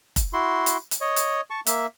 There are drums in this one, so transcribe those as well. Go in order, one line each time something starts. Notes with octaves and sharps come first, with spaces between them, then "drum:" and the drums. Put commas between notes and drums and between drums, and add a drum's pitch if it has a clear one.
drum: kick F1, hi-hat
E4 F#4 C6
drum: hi-hat
drum: hi-hat
C#5 D#5
drum: hi-hat
A5 C#6
A#3 E5, drum: hi-hat